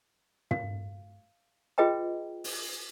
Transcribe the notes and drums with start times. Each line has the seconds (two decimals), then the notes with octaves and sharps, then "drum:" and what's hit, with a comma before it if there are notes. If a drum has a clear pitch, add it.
0.51 F5, drum: tom
1.78 F4 G#4 B4 D#5 G5 A#5
2.44 drum: open hi-hat